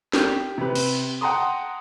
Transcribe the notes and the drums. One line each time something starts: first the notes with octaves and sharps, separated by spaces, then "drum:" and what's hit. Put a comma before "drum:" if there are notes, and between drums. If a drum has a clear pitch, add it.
G4, drum: snare
C3 B4
drum: cymbal
F#5 G5 A5 A#5 C6 D#6